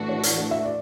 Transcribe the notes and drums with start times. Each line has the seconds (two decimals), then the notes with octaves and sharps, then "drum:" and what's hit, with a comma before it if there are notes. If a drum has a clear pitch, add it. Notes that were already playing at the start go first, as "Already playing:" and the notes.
Already playing: A2 E3 A3 D4 F#4
0.09 C#5
0.23 D5, drum: hi-hat
0.37 F#5
0.51 E5
0.65 D5